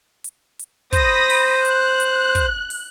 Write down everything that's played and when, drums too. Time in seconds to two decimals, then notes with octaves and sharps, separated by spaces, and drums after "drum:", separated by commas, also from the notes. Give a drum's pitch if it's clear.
0.24 drum: hi-hat
0.59 drum: hi-hat
0.93 C5 B5 D#6 A#6, drum: kick, hi-hat
1.30 drum: open hi-hat
1.65 F#6, drum: hi-hat
2.00 drum: hi-hat
2.35 drum: kick, hi-hat
2.70 drum: open hi-hat